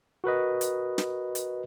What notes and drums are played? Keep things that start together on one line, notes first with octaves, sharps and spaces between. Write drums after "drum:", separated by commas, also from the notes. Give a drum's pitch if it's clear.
F#4 A#4 B4 D#5
drum: hi-hat
drum: snare
drum: hi-hat